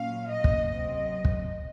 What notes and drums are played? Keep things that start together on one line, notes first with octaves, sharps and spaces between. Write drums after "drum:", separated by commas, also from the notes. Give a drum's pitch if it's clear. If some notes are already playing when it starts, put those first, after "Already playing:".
Already playing: A#2 F#3 C#4 F5
D#5
drum: kick
C3 F#3 C4 D#5
drum: kick